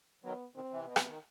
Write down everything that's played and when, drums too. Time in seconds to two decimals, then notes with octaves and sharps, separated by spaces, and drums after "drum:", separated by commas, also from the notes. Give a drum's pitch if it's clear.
0.24 D#3 F#3 B3
0.55 B2 D#3 C4
0.71 C3 E3
0.85 B2 B3
0.96 C3, drum: rim click
1.07 D#3